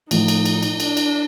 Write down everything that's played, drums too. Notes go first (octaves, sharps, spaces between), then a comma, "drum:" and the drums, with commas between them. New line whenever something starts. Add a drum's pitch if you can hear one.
A2 F3 A3 D#4, drum: cymbal
drum: cymbal
drum: cymbal
drum: cymbal
D4, drum: cymbal
drum: cymbal